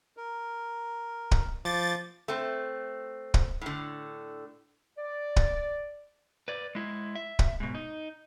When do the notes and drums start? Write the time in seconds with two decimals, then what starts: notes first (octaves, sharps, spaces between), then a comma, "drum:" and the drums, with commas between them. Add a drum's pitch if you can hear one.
0.17 A#4
1.31 drum: kick
1.65 F3 D6 G6 A6
2.28 A3 C4
3.34 drum: kick
3.62 A2 D3
4.98 D5
5.36 drum: kick
6.48 B4 D5
6.75 G#3 E4
7.15 E5
7.39 drum: kick
7.60 G#2 B2
7.75 D#4